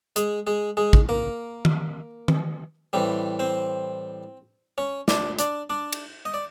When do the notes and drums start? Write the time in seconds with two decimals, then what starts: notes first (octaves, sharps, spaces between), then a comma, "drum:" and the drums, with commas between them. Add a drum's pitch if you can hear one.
0.16 G#3 G#4, drum: hi-hat
0.47 G#3 G#4
0.77 G#3 G#4
0.93 drum: kick A1
1.09 A#3 A#4
1.65 drum: tom D#3
2.28 drum: tom D#3
2.93 A2 E3 G3 C4
3.39 C4 C5
4.78 C#4 C#5
5.08 D4 D5, drum: snare
5.39 D4 D5, drum: hi-hat
5.70 D4 D5
5.93 drum: cymbal
6.25 D#5
6.34 D5